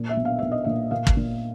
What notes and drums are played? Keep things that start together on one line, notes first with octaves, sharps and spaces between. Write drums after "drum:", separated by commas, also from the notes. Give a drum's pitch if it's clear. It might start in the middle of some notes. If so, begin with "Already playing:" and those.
Already playing: A#2
E5
B1
F5
B1 E5
D#5
A#2 E5
A#2 F5
drum: kick
A#2